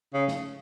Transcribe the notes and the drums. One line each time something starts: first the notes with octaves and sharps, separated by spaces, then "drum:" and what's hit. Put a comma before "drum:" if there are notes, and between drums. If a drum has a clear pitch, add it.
C#3
drum: snare